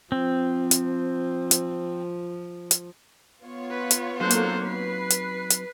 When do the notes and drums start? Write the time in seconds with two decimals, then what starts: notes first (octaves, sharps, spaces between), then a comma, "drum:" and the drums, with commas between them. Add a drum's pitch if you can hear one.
0.12 F3 C4
0.71 drum: hi-hat
1.51 drum: hi-hat
2.71 drum: hi-hat
3.42 B3 F4 C#5
3.71 B4
3.91 drum: hi-hat
4.20 F#3 A#3 C4 D#4 A4 C5 F#6
4.31 drum: hi-hat
4.66 B4 C7
5.10 drum: hi-hat
5.50 drum: hi-hat